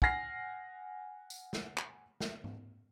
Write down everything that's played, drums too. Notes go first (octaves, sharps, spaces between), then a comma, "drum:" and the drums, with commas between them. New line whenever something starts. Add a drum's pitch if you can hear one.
F#5 G#5 F6 A#6 C7, drum: kick
drum: tambourine
drum: snare
drum: clap
drum: snare
drum: tom G#2